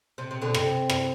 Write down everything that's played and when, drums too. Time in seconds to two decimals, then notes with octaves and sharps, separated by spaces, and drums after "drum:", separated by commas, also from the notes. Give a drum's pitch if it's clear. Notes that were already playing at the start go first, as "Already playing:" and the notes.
0.18 C3
0.31 C3
0.41 B2 D3
0.54 C3, drum: rim click
0.90 drum: rim click